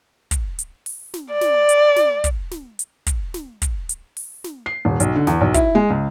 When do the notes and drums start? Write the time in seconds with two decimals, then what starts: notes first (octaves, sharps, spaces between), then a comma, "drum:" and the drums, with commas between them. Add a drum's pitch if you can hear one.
0.31 drum: kick, hi-hat
0.59 drum: hi-hat
0.86 drum: open hi-hat
1.14 drum: snare
1.32 D5
1.41 drum: snare
1.69 drum: hi-hat
1.96 drum: snare
2.24 drum: kick, hi-hat
2.51 drum: snare
2.79 drum: hi-hat
3.07 drum: kick, hi-hat
3.34 drum: snare
3.62 drum: kick, hi-hat
3.89 drum: hi-hat
4.17 drum: open hi-hat
4.44 drum: snare
4.66 C7
4.85 D#1
5.00 B1, drum: hi-hat
5.16 D3
5.27 E2, drum: snare
5.41 B1
5.54 E4, drum: kick, hi-hat
5.75 G#3
5.90 C#2